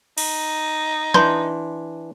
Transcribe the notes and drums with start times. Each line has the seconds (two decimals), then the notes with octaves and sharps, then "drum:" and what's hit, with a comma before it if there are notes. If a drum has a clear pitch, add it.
0.18 D#4, drum: cymbal
1.14 E3 D4 B4 C6 G6, drum: snare